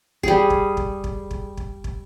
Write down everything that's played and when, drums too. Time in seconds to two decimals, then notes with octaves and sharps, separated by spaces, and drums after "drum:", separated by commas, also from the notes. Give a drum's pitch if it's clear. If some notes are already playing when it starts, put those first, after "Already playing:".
0.23 G3 G#4, drum: kick
0.50 drum: kick
0.77 drum: kick
1.04 drum: kick
1.31 drum: kick
1.57 drum: kick
1.84 drum: kick